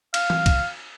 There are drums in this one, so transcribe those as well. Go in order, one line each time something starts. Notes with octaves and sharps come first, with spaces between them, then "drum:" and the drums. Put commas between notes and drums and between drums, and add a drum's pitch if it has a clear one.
F5, drum: cymbal
drum: tom E3
drum: kick, cymbal